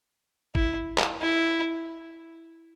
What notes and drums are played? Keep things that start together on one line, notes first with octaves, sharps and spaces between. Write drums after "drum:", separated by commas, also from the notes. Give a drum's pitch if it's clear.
E4, drum: kick
drum: clap
E4